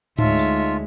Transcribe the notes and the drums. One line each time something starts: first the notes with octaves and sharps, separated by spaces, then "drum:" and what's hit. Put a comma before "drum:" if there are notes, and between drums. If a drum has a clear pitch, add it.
D2 G#3 D#4 F4 C#5 E5, drum: tom G#2
drum: tambourine